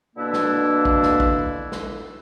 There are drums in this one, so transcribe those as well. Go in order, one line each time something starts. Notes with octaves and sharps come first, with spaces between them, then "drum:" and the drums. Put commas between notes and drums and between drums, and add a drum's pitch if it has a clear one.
B2 D3 A#3 D4 E4
drum: snare
drum: kick
drum: snare
drum: kick
drum: snare